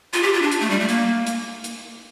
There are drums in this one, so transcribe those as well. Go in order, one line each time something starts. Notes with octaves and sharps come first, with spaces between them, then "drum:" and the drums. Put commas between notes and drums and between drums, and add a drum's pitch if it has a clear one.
F4, drum: hi-hat
G4
F4
D4
drum: hi-hat
A3
G3
A3
A#3, drum: hi-hat
drum: hi-hat
drum: hi-hat